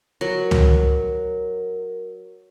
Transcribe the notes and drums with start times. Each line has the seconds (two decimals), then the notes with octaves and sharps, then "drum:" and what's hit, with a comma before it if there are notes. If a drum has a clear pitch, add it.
0.21 F#3 A#4
0.51 drum: tom